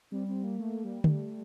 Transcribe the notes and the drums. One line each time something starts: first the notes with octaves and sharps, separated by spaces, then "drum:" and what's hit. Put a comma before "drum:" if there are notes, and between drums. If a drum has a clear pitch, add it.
G3 C4
C4
A#3
A3
G3
A#3, drum: tom D3
A3